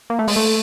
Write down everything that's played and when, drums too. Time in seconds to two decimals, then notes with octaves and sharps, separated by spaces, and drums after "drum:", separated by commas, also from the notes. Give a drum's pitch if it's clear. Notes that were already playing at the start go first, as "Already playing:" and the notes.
0.10 A#3
0.19 A3
0.28 G#3, drum: open hi-hat
0.36 A3